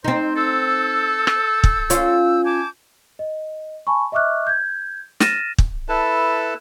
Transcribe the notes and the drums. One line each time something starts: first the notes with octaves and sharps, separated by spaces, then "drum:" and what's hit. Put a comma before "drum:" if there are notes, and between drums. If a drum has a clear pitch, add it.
C4 D#4 C5
A4 E6 G6
drum: rim click
drum: kick
C#4 F4, drum: hi-hat
G#5 A5 D6 G6
D#5
G#5 A5 B5 C#6
D#5 E5 C#6 D6 F6 F#6
G6 G#6
F6 A6 A#6 D#7 E7, drum: snare
drum: kick
E4 A4 B4 A5